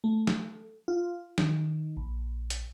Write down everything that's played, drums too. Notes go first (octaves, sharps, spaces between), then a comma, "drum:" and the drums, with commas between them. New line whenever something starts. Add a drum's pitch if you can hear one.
A3
drum: snare
F4
D#3, drum: snare
A#1
drum: hi-hat